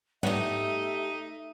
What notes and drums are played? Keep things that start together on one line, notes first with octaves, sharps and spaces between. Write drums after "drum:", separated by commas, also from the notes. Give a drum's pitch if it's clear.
G3 A3 B3 D4 D#4 G4 E5, drum: tom G#2